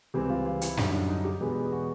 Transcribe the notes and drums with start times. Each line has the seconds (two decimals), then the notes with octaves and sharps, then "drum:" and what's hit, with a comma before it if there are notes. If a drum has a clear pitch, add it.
0.14 C#2 C3 E3 G3 C4 G4
0.30 F4
0.46 F4
0.61 E4, drum: hi-hat
0.77 F#2 D3 G3 D#4, drum: snare
0.93 D4
1.09 D#4
1.25 G4
1.40 E2 B2 G#3 B3 G4
1.72 F#4